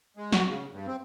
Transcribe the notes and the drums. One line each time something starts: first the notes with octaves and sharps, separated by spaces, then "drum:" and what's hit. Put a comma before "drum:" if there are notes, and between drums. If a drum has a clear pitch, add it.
G#3
F#4, drum: snare
C#3
G2
C4